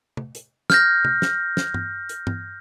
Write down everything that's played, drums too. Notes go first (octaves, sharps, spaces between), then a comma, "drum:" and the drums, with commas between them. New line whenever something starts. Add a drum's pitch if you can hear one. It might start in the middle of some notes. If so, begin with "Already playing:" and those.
drum: tom C3
drum: hi-hat
F6 G6 A#6, drum: snare
drum: tom C3
drum: snare
drum: snare
drum: tom G2
drum: hi-hat
drum: tom G2